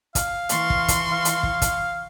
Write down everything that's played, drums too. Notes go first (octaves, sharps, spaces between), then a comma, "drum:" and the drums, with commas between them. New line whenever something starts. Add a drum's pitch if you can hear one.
F5, drum: kick, hi-hat
E3 C6 C#6, drum: hi-hat
drum: kick
drum: kick, hi-hat
F5
drum: hi-hat
drum: kick
drum: kick, hi-hat